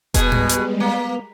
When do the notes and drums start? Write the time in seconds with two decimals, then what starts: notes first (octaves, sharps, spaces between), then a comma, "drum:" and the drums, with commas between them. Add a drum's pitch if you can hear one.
0.14 B2 G3 G#3 B3 G#4, drum: kick F1, hi-hat
0.32 drum: tom G#2
0.49 drum: hi-hat
0.80 A#3